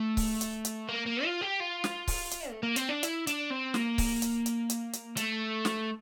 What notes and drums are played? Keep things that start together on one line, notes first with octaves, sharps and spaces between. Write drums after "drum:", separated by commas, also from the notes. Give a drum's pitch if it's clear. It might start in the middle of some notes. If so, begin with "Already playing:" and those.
Already playing: A3
drum: kick C#1, open hi-hat
drum: hi-hat
drum: hi-hat
A#3
A#3
F4
G4
F4
drum: snare
drum: kick C#1, open hi-hat
drum: hi-hat
A3
A#3
C4, drum: hi-hat
D4
E4, drum: hi-hat
D4, drum: hi-hat
C4
A#3, drum: snare
drum: kick C#1, open hi-hat
drum: hi-hat
drum: hi-hat
drum: hi-hat
drum: hi-hat
A3, drum: hi-hat
drum: snare